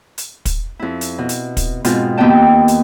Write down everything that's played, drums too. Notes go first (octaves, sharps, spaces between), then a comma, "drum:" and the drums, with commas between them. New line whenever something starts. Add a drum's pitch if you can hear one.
drum: hi-hat
drum: kick, hi-hat
F2 E4
drum: hi-hat
B2
drum: hi-hat
drum: kick, hi-hat
G#2 B2 C4 F4, drum: hi-hat
D#2 B3 C4 D#5 G5 A5
drum: hi-hat